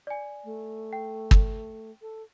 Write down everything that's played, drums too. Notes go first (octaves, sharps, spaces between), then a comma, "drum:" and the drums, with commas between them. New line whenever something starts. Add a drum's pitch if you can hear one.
D5 G#5
A3
G5
drum: kick
A4